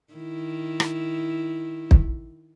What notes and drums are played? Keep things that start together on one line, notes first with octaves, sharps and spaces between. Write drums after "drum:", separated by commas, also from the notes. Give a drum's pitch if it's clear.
D#3 E4
drum: rim click
drum: kick